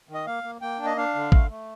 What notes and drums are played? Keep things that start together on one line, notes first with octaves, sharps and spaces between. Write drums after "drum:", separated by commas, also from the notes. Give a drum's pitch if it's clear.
D#3
D#5
A#3 F5
A#3
A#3 G5
D4
D#5
D4 F5
D3
A3, drum: kick
A3